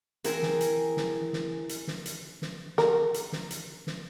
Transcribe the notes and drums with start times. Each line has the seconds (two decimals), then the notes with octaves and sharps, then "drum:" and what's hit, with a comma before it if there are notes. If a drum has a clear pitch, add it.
0.24 E3 C4 G#4 A#4, drum: hi-hat
0.42 drum: snare
0.61 drum: hi-hat
0.97 drum: snare
1.33 drum: snare
1.69 drum: hi-hat
1.87 drum: snare
2.06 drum: hi-hat
2.42 drum: snare
2.78 A#4, drum: snare
3.14 drum: hi-hat
3.32 drum: snare
3.51 drum: hi-hat
3.87 drum: snare